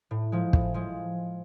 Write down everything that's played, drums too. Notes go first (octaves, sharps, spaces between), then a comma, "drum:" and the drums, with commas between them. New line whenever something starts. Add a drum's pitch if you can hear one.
A2
F3 G#3
A2, drum: kick
F3 G#3